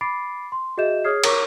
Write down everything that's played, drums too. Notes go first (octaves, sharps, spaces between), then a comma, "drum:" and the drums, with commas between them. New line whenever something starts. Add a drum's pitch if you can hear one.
B5 D6 A6 C7 D7
C6
F#4 G#4 D#5 E5 G6 E7
G#4 C#5 D#6 F6 G#6 C7
A#4 C#5 A#5 C#6 D6 E6, drum: cymbal